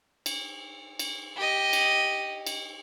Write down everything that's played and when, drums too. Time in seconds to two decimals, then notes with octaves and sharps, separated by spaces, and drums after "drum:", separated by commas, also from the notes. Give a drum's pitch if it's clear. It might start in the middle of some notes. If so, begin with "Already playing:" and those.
0.26 drum: cymbal
0.99 drum: cymbal
1.36 G4 D#5
1.73 drum: cymbal
2.46 drum: cymbal